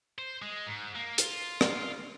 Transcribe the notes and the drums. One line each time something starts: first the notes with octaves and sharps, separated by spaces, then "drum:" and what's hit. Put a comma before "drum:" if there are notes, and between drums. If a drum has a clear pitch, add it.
C5
G#3
G#2
A#3
F4, drum: hi-hat
drum: rim click